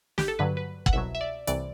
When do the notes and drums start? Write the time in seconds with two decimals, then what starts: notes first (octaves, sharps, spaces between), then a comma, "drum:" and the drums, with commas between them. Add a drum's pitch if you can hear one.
0.18 G4, drum: snare
0.28 A4
0.39 G2 D3 F#3 B4
0.57 B4
0.86 F#5, drum: kick
0.93 C2 B2 F#3 E5
1.15 E5
1.21 D5
1.47 C2 C3 E3 D5, drum: hi-hat